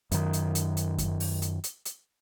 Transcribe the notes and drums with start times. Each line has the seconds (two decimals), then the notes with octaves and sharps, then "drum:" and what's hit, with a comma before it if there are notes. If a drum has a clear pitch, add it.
0.11 F#2 D#3, drum: hi-hat
0.33 drum: hi-hat
0.55 drum: hi-hat
0.77 drum: hi-hat
0.98 drum: kick F#2, hi-hat
1.20 drum: open hi-hat
1.42 drum: hi-hat
1.64 drum: hi-hat
1.85 drum: hi-hat